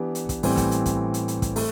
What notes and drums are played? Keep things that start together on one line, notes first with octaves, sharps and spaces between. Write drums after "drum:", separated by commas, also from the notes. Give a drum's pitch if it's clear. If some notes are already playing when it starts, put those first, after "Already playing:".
Already playing: E3 B3 D4 G4
drum: hi-hat
drum: kick, hi-hat
A2 E3 G3 C4, drum: open hi-hat
drum: kick, hi-hat
drum: hi-hat
drum: kick, hi-hat
drum: hi-hat
drum: hi-hat
drum: kick, hi-hat
A3, drum: open hi-hat